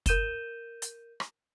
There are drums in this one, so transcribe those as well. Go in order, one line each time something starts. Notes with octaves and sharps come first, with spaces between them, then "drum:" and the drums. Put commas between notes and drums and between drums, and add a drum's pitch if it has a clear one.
A#4 G6 D#7 E7 G7, drum: kick, hi-hat
drum: hi-hat
drum: rim click